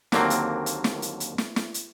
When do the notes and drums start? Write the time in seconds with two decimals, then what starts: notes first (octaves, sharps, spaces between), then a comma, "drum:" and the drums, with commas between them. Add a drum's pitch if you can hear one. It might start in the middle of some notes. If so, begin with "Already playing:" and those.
0.12 D#2 D3 F#3 A#3 C4, drum: snare
0.30 drum: hi-hat
0.66 drum: hi-hat
0.84 drum: snare
1.02 drum: hi-hat
1.20 drum: hi-hat
1.38 drum: snare
1.56 drum: snare
1.74 drum: hi-hat